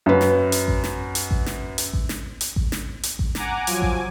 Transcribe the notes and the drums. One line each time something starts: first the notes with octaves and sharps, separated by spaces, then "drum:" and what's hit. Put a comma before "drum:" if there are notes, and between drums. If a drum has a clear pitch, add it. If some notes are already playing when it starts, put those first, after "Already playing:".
F#2 B4
drum: snare
drum: hi-hat
drum: kick A1
drum: snare
drum: hi-hat
drum: kick A1
drum: snare
drum: hi-hat
drum: kick A1
drum: snare
drum: hi-hat
drum: kick A1
drum: snare
drum: hi-hat
drum: kick A1
F#5 G#5 A#5 D6, drum: snare
F3 F#3 G#5 D6, drum: hi-hat
drum: kick A1